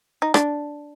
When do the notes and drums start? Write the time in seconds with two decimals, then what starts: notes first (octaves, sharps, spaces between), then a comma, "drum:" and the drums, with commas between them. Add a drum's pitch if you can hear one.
0.22 D#4
0.34 D4, drum: rim click